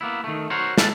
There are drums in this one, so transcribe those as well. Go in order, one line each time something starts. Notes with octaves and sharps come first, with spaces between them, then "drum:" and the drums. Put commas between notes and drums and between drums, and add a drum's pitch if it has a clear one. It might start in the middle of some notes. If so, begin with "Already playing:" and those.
A#3 B3 E4
D#3 A3
F#4 A#4 C5 C#5
G#4 A4 B4 F5 A5, drum: snare